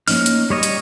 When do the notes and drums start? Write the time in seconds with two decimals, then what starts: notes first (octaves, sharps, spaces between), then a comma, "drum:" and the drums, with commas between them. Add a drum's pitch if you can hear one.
0.08 A#3 C#4 D#4 F6, drum: open hi-hat
0.26 drum: hi-hat
0.50 G3 A#4 C#5 D#5
0.63 drum: hi-hat